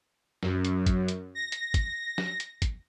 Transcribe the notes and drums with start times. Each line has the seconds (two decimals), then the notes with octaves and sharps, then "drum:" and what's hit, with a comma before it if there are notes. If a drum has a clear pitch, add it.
0.43 F#2, drum: snare
0.65 drum: hi-hat
0.86 drum: kick G#1, hi-hat
1.08 drum: hi-hat
1.35 A#6
1.52 drum: hi-hat
1.74 drum: kick G#1, hi-hat
2.18 drum: snare
2.40 drum: hi-hat
2.62 drum: kick G#1, hi-hat